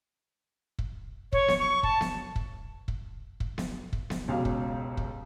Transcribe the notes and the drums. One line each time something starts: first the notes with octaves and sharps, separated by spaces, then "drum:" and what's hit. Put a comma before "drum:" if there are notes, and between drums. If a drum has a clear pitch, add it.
drum: kick
C#5, drum: kick
drum: snare B3
C#6
A5, drum: kick
drum: snare B3
drum: kick
drum: kick
drum: kick
drum: snare B3
drum: kick
drum: snare B3
E1 C#2 B2 F#3 G4 F5
drum: kick
drum: kick